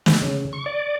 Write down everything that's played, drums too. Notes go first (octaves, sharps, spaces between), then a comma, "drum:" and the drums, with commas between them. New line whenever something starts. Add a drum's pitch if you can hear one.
drum: snare
C#3
C#6
D5